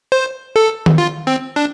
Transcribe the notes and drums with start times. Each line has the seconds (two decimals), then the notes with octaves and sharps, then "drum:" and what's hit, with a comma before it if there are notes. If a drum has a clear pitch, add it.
0.12 C5
0.56 A4
0.86 drum: tom D#3
0.98 F4
1.27 C4
1.56 D4